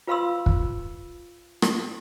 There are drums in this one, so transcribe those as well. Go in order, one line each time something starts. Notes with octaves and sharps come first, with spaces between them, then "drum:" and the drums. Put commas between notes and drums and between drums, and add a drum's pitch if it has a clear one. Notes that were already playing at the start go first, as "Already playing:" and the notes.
F4 B4 F5 B5 C6 E6
drum: kick
drum: rim click